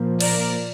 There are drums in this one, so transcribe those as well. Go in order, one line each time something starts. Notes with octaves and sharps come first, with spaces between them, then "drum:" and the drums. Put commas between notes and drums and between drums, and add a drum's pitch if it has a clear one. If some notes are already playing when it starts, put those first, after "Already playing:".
Already playing: A#2 F3 A#3
A#4 D5, drum: cymbal